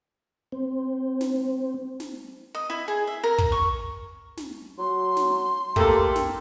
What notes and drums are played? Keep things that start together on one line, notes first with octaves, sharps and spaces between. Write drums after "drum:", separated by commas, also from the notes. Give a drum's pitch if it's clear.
C4
drum: snare
drum: snare
D#5
E4
G#4
E5
A#4
drum: kick
C#6
drum: snare
F#3 C6
drum: snare
A3 A#3 G4 A4, drum: kick
drum: snare